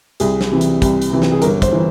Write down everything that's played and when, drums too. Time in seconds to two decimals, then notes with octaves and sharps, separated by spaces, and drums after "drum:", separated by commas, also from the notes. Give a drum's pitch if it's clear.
0.20 C2 G#4, drum: hi-hat
0.41 drum: snare
0.51 C3 E3
0.61 drum: hi-hat
0.82 C2, drum: kick, hi-hat
1.02 drum: hi-hat
1.12 C3 E3
1.22 drum: snare
1.32 G#4
1.42 G1 A#4, drum: hi-hat
1.62 C5, drum: kick, hi-hat
1.73 E3